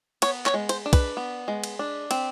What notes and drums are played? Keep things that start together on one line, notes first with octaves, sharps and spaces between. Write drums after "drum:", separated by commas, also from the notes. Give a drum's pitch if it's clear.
B3 C#5, drum: cymbal
C#5, drum: clap
G#3
C5, drum: cymbal
D4
B4, drum: kick, cymbal
B3
G#3
drum: cymbal
D4
C4, drum: cymbal